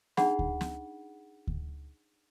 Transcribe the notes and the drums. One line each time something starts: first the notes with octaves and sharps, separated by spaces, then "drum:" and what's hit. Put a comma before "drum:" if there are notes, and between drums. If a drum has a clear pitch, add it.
D4 D#4 G#4 F#5 B5, drum: snare
drum: kick D2
drum: snare
drum: kick D2